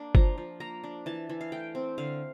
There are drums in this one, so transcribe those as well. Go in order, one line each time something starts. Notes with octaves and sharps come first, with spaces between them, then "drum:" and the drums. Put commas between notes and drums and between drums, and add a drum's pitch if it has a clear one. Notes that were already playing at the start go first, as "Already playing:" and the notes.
Already playing: A#3 D4
F3 A#5, drum: kick G1
F3
A#3 A#5
D4
E3 A5
E3
F5
A3 G5
C4
D3 F5